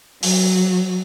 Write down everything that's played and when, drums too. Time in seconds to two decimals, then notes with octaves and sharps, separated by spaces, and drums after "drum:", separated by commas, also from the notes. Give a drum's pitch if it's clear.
0.23 F#3, drum: open hi-hat